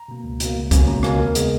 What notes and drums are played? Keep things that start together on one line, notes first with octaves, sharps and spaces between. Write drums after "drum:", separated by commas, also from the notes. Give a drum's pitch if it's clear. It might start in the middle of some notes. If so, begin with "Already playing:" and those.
Already playing: A#5
B2 A#3
C#2
B2 A#3, drum: hi-hat
C#2
B2 A#3 C#4, drum: kick, hi-hat
C#2 A#5
B2 A#3 C#4 G#5, drum: rim click
D#2 A#4
C#3 G#3 B3 G#4, drum: hi-hat